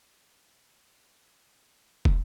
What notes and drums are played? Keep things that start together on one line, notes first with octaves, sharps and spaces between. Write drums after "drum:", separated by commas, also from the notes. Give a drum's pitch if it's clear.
B3
D4 A4 E5
C4
F#4 C5
B3
D4 F#4 C5
A3
D4 F#4
C4
drum: kick